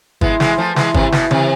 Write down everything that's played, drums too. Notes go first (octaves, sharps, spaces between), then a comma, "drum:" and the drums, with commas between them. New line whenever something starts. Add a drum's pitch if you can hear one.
G#3 B3 E4, drum: kick
E3 G#3, drum: snare
F3 A3
E3 G#3 E4, drum: snare
C3 E3, drum: kick
B2, drum: snare
C3 E3, drum: tom C#3